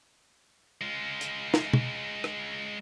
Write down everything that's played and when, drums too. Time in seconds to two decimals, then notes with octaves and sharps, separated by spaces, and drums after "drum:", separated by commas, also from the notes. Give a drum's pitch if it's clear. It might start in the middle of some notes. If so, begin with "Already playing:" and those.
0.81 G#3 F4
1.21 drum: hi-hat
1.54 drum: snare
1.73 drum: tom B2
2.24 drum: rim click